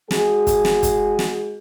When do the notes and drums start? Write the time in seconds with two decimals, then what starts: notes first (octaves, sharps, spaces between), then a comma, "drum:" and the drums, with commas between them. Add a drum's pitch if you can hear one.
0.11 G#3 F#4 G#4, drum: snare
0.47 drum: kick, hi-hat
0.65 drum: snare
0.83 drum: kick, hi-hat
1.19 drum: snare